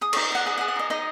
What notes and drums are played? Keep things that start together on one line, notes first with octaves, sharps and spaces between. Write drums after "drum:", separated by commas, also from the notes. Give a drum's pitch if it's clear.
G#4 D#6
D#4 C#6, drum: cymbal
D#4 F#5
G#4 F#5
F#5
G#4
F#5
D#4 D#5
D#4 D#5